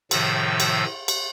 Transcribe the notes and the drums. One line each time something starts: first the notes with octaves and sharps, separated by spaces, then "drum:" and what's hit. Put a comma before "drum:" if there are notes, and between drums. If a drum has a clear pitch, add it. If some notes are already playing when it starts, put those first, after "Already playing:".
A2 C3 D#3 F3 E6, drum: cymbal
drum: cymbal
drum: cymbal